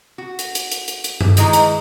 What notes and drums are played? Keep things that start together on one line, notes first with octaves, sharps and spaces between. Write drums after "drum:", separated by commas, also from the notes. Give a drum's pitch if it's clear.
F#4
drum: hi-hat
drum: hi-hat
drum: hi-hat
drum: hi-hat
drum: hi-hat
drum: tom G2
D#3 E3 G#3 D#4 A#5, drum: hi-hat
drum: hi-hat